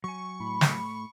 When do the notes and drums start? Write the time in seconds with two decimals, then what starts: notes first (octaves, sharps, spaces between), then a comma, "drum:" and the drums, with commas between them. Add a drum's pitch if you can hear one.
0.04 F#3 G#5 C#6
0.40 A2 B5
0.61 drum: snare